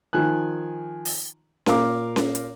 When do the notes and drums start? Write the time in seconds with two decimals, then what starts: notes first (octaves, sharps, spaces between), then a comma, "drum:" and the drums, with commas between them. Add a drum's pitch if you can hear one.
0.13 D#3 F3 G#5 F#6
1.05 drum: open hi-hat
1.66 A#2 A#4 F5 D6, drum: snare C#4
2.16 drum: snare C#4
2.35 drum: hi-hat